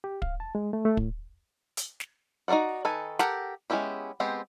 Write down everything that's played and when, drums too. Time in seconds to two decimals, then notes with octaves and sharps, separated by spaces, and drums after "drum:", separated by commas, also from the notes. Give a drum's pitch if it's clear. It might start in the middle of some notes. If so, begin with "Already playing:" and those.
0.04 G4
0.22 F5, drum: kick
0.40 A5
0.55 G#3
0.73 A3
0.85 A3
0.97 A2, drum: kick
1.77 drum: hi-hat
2.00 drum: snare
2.48 D#4 F#4 A#4 D5 F#5
2.85 D#3 A4 B4 G#5
3.19 G4 A4 A#4 F#5, drum: snare
3.70 G#3 B3 C#4 E4 G4
4.20 G#3 B3 C4 G4